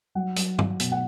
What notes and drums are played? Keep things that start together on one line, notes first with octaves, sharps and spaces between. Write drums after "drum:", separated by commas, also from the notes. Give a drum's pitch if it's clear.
F#3 F#5
F#3, drum: hi-hat
F#3, drum: tom
B2, drum: hi-hat
F#5